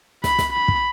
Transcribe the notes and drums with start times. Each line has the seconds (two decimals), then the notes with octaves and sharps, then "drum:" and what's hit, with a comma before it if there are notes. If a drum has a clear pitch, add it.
0.24 B5, drum: snare
0.39 drum: snare
0.53 B5
0.68 drum: kick